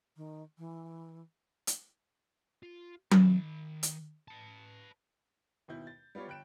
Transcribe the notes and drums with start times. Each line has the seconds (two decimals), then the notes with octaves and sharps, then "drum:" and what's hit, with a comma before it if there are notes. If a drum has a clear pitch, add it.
0.17 D#3
0.58 E3
1.67 drum: hi-hat
2.63 F4
3.11 D#3 B5, drum: tom F#3
3.83 drum: hi-hat
4.28 B4 A5
5.68 D#2 B2 E4 G6
5.87 A6
6.15 G3 B3 F4 G4 C#5
6.28 G1 G5 F#6 D7 E7